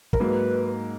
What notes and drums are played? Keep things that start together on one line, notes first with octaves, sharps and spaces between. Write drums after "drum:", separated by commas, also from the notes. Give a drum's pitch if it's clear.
A#4, drum: kick
G#2 F#3 A#3 B4